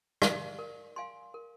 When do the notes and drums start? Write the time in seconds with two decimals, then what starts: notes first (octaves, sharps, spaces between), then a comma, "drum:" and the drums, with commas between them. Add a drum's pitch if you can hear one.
0.22 D5 F5, drum: rim click
0.59 A#4
0.96 F5 G#5 C6
1.34 A#4